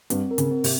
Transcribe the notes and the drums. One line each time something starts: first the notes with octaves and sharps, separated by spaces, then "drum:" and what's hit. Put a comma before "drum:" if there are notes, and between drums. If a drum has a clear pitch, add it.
G2 C4, drum: hi-hat
A#4
C#3, drum: hi-hat
C4
C3, drum: open hi-hat